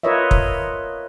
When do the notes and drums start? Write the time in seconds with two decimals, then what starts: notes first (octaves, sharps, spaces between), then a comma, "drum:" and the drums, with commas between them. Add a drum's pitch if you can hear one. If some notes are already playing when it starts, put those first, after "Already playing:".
0.03 F4 A#4 B4 C#5 D#5 E5
0.31 drum: kick